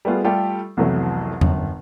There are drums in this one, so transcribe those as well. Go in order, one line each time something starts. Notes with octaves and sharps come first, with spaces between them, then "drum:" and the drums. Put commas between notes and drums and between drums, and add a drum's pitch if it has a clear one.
G3 A3 B3 F4 G#4
G3 A3 F4 G4 A4
C2 F2 E3 F#3 A3 B3
G1 F#2, drum: tom E2